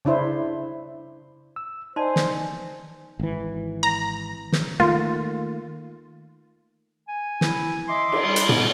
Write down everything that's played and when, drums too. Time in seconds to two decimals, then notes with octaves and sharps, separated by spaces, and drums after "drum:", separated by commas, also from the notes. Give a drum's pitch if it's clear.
0.05 C#3 D4 E4 C5
1.56 E6
1.96 D#4 C5 D5 G#5 A5 C6
2.16 drum: snare
3.19 G#1 E3
3.83 A#5
4.52 drum: snare
4.80 D#3 A3 A#3 F4
7.08 G#5
7.41 E4, drum: snare
7.88 D#5 E5 C6 D6
8.12 drum: cymbal
8.24 G3
8.36 drum: hi-hat
8.49 B3, drum: tom